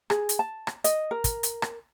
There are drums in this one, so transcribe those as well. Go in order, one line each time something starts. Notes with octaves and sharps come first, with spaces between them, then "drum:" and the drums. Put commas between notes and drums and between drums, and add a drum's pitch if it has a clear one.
G#4, drum: rim click
drum: hi-hat
A5
drum: rim click
D#5, drum: hi-hat
A#4
drum: kick, hi-hat
drum: hi-hat
drum: rim click